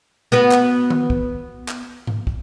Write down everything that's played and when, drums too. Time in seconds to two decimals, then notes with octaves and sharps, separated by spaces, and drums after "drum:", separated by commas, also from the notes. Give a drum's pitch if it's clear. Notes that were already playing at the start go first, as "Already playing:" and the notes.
0.32 B3 F#4 B4
0.51 drum: clap
0.90 drum: tom D#3
1.10 drum: kick
1.68 drum: clap
2.07 drum: tom G#2
2.27 drum: kick